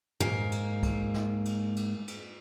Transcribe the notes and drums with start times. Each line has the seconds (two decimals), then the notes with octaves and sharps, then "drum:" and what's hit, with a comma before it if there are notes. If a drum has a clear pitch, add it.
0.20 G#2 A#3, drum: tom
0.52 drum: cymbal
0.83 drum: kick, cymbal
1.14 drum: snare
1.45 drum: cymbal
1.76 drum: cymbal
2.08 drum: cymbal